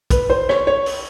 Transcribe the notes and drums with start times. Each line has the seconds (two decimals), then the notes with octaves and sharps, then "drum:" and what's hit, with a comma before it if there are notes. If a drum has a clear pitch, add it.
0.10 B4, drum: kick B1, hi-hat
0.30 C5
0.49 C#5, drum: rim click
0.67 C#5
0.86 drum: open hi-hat